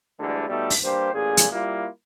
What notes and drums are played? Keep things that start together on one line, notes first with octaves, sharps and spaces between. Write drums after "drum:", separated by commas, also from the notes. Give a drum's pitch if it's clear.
D2 D3 E3 G3 G#3
B2 G3 A3 D#4 A4
drum: open hi-hat
G2 A#3 G4 C5
A1 A#2 G#4
drum: hi-hat
G3 A#3 E4 F4